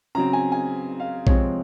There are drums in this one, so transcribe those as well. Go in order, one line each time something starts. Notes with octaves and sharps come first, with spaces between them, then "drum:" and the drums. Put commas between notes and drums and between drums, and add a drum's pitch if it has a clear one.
C#3 F#3 C4 A#5
G#5
G#5
F5
C3 F3 G#3 C4 C#5, drum: kick A#1